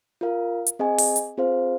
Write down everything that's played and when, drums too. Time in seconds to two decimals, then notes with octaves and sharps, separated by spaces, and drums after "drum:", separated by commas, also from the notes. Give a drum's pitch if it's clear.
0.21 F4 A#4 F5
0.67 drum: hi-hat
0.79 C4 G#4 D#5 G#5
0.98 drum: open hi-hat
1.16 drum: hi-hat
1.37 C4 F4 G#4 C5 F5